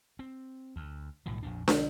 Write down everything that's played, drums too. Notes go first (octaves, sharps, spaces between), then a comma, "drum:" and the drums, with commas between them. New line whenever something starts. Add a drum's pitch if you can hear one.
C4
D2
B1 A2 D#3 F3
A#1 F2 A#2 D4
B1 D3 E3 F3, drum: snare